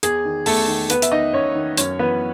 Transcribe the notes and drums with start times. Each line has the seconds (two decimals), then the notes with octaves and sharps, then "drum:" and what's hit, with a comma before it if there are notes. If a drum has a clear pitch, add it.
0.03 E2 G#4, drum: hi-hat
0.25 D#3
0.46 E2 A3 A4, drum: open hi-hat
0.68 D#3
0.90 E2 B3 B4, drum: hi-hat
1.02 E5, drum: hi-hat
1.12 D#3 D#4 D#5
1.33 E2 C#4 C#5
1.55 D#3
1.77 F#2 C#4 C#5, drum: hi-hat
1.99 E3 B3 B4